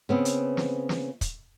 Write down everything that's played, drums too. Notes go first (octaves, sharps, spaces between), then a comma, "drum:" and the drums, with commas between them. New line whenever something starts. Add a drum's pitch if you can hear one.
C#3 B3 C4
drum: hi-hat
drum: snare
drum: snare
drum: kick, hi-hat